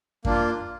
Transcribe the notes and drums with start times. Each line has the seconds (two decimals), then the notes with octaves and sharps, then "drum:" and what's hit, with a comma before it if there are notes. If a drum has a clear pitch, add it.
0.25 A#3 D4 F4, drum: kick F#2